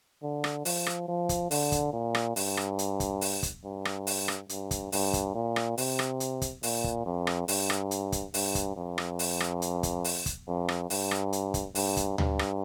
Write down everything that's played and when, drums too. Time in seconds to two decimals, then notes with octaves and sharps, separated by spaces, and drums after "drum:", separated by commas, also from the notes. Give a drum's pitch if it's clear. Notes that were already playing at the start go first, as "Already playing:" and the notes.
0.22 D3
0.44 drum: rim click
0.65 F3, drum: open hi-hat
0.86 drum: rim click
1.08 F3
1.29 drum: kick, hi-hat
1.51 D3, drum: open hi-hat
1.72 drum: kick, hi-hat
1.93 A#2
2.15 drum: rim click
2.36 G2, drum: open hi-hat
2.57 drum: rim click
2.79 drum: hi-hat
3.00 drum: kick, hi-hat
3.21 drum: open hi-hat
3.43 drum: kick, hi-hat
3.64 G2
3.85 drum: rim click
4.07 drum: open hi-hat
4.28 drum: rim click
4.49 G2, drum: hi-hat
4.71 drum: kick, hi-hat
4.92 G2, drum: open hi-hat
5.13 drum: kick, hi-hat
5.35 A#2
5.56 drum: rim click
5.78 C3, drum: open hi-hat
5.99 drum: rim click
6.20 drum: hi-hat
6.42 drum: kick, hi-hat
6.63 A#2, drum: open hi-hat
6.84 drum: kick
7.06 F2
7.27 drum: rim click
7.48 G2, drum: open hi-hat
7.70 drum: rim click
7.91 drum: hi-hat
8.12 drum: kick, hi-hat
8.34 G2, drum: open hi-hat
8.55 drum: kick, hi-hat
8.76 F2
8.98 drum: rim click
9.19 drum: open hi-hat
9.40 drum: rim click
9.62 drum: hi-hat
9.83 drum: kick, hi-hat
10.04 drum: open hi-hat
10.26 drum: kick, hi-hat
10.48 F2
10.69 drum: rim click
10.90 G2, drum: open hi-hat
11.11 drum: rim click
11.33 drum: hi-hat
11.54 drum: kick, hi-hat
11.75 G2, drum: open hi-hat
11.97 drum: kick, hi-hat
12.18 G2, drum: tom D2
12.39 drum: rim click